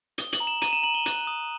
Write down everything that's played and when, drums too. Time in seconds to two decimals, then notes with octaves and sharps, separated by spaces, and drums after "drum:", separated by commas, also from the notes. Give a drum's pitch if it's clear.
0.18 D#6 G7, drum: hi-hat
0.33 F#7, drum: hi-hat
0.40 A#5
0.47 E7
0.62 A#5 D#7, drum: hi-hat
0.73 E7
0.83 A#5 F#7
0.94 G7
1.06 F#6, drum: hi-hat
1.27 D#6